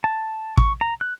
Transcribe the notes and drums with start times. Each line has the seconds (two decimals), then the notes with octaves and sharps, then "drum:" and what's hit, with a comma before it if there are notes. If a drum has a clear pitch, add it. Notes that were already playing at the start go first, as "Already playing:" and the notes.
0.04 A5
0.57 C#6, drum: kick
0.81 A#5
1.01 F#6